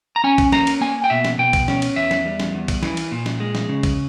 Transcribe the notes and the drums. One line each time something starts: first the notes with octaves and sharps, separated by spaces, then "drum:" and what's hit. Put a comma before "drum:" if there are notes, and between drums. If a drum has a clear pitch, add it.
A#5
C#4 G#5
drum: kick, cymbal
A#3 A#5, drum: snare
drum: cymbal
A#3 G#5
G5
B2 E5
drum: snare
B2 G5
drum: kick, cymbal
C#4, drum: snare
drum: cymbal
E2 E5
drum: snare
G3
drum: snare
E2
drum: kick, cymbal
E3, drum: snare
drum: cymbal
A#2
drum: snare
G#3
drum: snare
C#3
drum: kick, cymbal